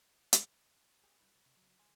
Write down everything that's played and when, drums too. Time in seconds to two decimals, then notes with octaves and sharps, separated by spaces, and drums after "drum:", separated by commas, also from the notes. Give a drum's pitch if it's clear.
0.33 drum: hi-hat
1.03 G4 G#4 A#4 D5
1.18 F#2 G3 D#4 F4 B4
1.32 B1
1.45 C3
1.57 C#3 F#3
1.79 C#2 F3 G#4 G#5 C6